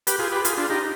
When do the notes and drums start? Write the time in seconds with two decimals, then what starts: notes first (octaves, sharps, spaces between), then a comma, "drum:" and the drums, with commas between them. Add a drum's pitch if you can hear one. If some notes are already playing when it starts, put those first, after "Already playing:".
0.07 G4 B4, drum: hi-hat
0.19 F4 G#4
0.31 G4 B4
0.45 F4 G#4, drum: hi-hat
0.57 D4 F4
0.70 D#4 G4